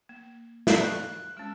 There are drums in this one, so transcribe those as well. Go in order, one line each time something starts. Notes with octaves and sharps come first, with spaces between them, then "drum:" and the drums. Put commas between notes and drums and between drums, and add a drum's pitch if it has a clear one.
A#3
drum: snare
F5 C#6 F#6
G#3 C#4 E6